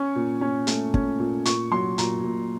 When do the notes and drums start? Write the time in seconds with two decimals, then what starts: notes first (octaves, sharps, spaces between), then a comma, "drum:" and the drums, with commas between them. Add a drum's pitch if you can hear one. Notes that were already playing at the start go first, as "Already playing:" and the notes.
Already playing: C#4 C#6
0.15 A#2
0.41 C#4
0.67 A3, drum: hi-hat
0.94 C#4, drum: kick
1.19 A#2
1.45 A#2 C#6, drum: hi-hat
1.72 F#3 C6
1.98 A#2 A#5, drum: hi-hat
2.23 A#2